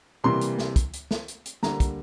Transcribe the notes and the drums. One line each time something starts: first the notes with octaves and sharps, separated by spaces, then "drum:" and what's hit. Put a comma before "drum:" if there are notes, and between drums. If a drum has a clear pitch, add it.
C3 E3 G3 A#3 C6
drum: hi-hat
drum: snare
drum: kick, hi-hat
drum: hi-hat
drum: snare
drum: hi-hat
drum: hi-hat
D3 G3 A#3 A#5, drum: snare
drum: kick, hi-hat